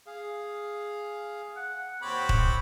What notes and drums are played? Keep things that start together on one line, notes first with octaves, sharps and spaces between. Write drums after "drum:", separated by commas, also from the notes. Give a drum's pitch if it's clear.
G#4 F5
F#5
D#2 C4 C#5 B5 D6 F#6
drum: kick